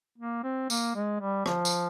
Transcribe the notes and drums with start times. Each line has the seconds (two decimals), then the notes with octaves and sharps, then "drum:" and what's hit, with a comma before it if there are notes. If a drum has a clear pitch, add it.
0.18 A#3
0.44 C4
0.70 A#3, drum: tambourine
0.95 G#3
1.20 G3
1.46 F3, drum: rim click
1.65 drum: tambourine